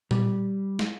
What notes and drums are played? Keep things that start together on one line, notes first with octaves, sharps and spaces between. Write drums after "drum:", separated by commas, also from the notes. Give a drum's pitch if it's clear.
G3, drum: tom A#2
drum: snare